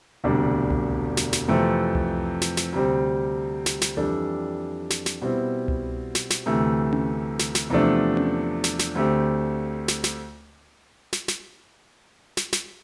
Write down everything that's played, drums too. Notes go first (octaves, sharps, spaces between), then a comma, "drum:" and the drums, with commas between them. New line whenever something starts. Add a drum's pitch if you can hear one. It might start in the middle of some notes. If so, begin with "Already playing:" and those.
E1 D2 C3 G3 D4
drum: tom C2
drum: snare
drum: snare
F2 C3 E3 A3 C4
drum: tom C2
drum: snare
drum: snare
D2 C3 G3 C4
drum: snare
drum: snare
F2 E3 G3 D4 A4
drum: snare
drum: snare
B2 G3 C4 E4
drum: tom C2
drum: snare
drum: snare
D2 C3 E3 A3
drum: tom C#4
drum: snare
drum: snare
E2 C3 F3 A3 D4
drum: tom C#4
drum: snare
drum: snare
D2 D3 A3 C4 G4
drum: snare
drum: snare
drum: snare
drum: snare
drum: snare
drum: snare